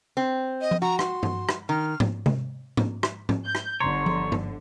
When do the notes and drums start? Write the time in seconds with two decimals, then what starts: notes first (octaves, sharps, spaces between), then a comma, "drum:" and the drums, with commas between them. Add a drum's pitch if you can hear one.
0.17 C4
0.61 D#5
0.71 drum: tom F3
0.82 F#4 A#5
0.99 C6, drum: rim click
1.23 drum: tom G2
1.49 drum: rim click
1.69 D#3 F6
2.00 drum: tom G#2
2.26 drum: tom C3
2.77 drum: tom G#2
3.03 drum: rim click
3.29 drum: tom G#2
3.45 G6
3.55 drum: rim click
3.80 G1 D3 C#5 A#5 C6
4.06 drum: tom F3
4.32 drum: tom G2